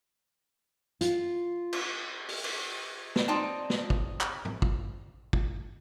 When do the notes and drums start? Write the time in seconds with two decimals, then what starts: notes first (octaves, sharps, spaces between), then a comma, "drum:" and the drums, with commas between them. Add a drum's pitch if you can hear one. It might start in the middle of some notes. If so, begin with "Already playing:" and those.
1.01 F4, drum: hi-hat
1.73 drum: cymbal
2.29 drum: open hi-hat
2.44 drum: cymbal
3.16 drum: snare
3.28 C4 D#4 D5 G5 A5
3.70 drum: snare
3.90 drum: kick
4.21 drum: clap
4.45 drum: tom
4.62 drum: kick
5.33 drum: kick